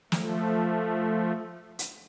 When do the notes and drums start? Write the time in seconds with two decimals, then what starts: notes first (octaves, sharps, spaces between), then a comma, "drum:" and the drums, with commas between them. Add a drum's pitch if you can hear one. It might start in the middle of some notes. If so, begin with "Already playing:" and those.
0.12 F3 A3, drum: snare
1.79 drum: hi-hat